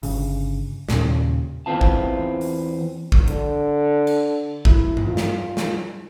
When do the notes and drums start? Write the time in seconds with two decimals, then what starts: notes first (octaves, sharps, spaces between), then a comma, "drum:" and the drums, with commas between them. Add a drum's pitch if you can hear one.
0.03 G1 C#3, drum: open hi-hat
0.89 D#2 A#2 C#3, drum: snare
1.66 E2 B2 E3 C4 F4 A5
1.81 drum: kick
2.41 drum: open hi-hat
3.12 drum: kick
3.28 D3, drum: hi-hat
4.07 drum: cymbal
4.65 E4, drum: kick
4.97 drum: tom G2
5.06 F4
5.17 drum: snare
5.57 drum: snare